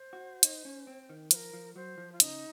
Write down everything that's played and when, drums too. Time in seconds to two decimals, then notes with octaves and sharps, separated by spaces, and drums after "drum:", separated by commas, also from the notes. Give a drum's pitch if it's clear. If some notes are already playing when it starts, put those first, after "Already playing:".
Already playing: C5
0.13 F#4
0.43 D#4, drum: hi-hat
0.65 C#4
0.87 C4
1.09 D#3
1.31 F3 A#4 C5, drum: hi-hat
1.53 F3
1.76 F#3 C5
1.98 F3
2.12 F4
2.20 C#3 D#4, drum: hi-hat